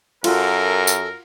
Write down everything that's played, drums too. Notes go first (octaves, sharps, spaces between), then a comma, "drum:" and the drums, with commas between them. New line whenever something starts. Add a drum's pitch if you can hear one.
F#2 F4 F#4 A4 A#4, drum: cymbal
drum: tambourine